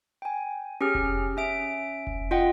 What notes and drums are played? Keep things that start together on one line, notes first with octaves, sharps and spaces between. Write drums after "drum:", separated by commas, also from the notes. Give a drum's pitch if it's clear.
G5 G#5
C#4 G4 G#4 F6
drum: kick F1
C#4 E5 D7
drum: kick F1
F4 D#5 F#5 G5